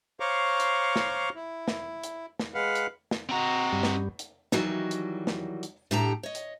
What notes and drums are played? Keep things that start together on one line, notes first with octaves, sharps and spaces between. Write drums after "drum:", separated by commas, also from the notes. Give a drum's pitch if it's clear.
C5 C#5 F5 A#5 C#6 D6
drum: hi-hat
drum: snare
E4
drum: snare
drum: hi-hat
drum: snare
G#3 B4 F5 F#5
drum: hi-hat
drum: snare
C4 F#4 D#5 A#5
G2 G3
drum: snare
drum: hi-hat
D#3 E3 F#3 G3 F#4 D#5, drum: snare
drum: hi-hat
drum: snare
drum: hi-hat
A2 D3 G4 G5 A5 A#5
C#5 D#5
drum: hi-hat